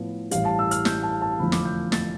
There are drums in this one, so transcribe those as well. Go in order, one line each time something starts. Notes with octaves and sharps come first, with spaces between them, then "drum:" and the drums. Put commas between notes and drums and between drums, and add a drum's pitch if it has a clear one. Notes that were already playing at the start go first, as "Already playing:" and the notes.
Already playing: A2 F3 B3
A1 A2 E3 G3 F5, drum: hi-hat
A5
E6
F6, drum: hi-hat
G6, drum: snare
A5
A5
F1 E2 D3 F3 A3 B5
D6, drum: snare
G6
A6, drum: snare